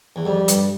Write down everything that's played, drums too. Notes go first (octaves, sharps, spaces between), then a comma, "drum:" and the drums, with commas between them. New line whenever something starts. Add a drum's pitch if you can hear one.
E2
F2 G3
G2, drum: hi-hat